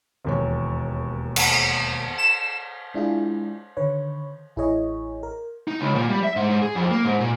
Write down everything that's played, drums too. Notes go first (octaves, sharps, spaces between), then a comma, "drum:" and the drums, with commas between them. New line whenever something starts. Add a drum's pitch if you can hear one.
E1 D#2 C#5
drum: cymbal
E7
G#3 D4 E4 F4 G#4
D3 D#3 B4 C#5
A1 E4 G#4 C#5 D#5
A#4
D#4
C#2
A#2
G3
E5
G#2
G#2
G#4
F2
A#3
G#2
A#2